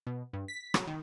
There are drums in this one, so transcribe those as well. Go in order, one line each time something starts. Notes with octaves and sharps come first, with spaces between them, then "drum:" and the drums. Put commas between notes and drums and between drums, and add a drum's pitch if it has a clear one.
B2
G2
B6
F#3, drum: rim click
D#3